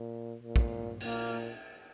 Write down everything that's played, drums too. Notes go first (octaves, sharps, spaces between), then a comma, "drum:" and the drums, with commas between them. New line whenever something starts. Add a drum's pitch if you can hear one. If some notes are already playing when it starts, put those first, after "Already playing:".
Already playing: A#2
A#2
drum: kick
A#2 A#3, drum: cymbal